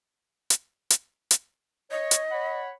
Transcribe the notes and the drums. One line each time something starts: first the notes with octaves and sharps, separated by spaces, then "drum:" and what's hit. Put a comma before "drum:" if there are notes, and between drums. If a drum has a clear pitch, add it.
drum: hi-hat
drum: hi-hat
drum: hi-hat
C#5 D#5
drum: hi-hat
C#5 F#5 B5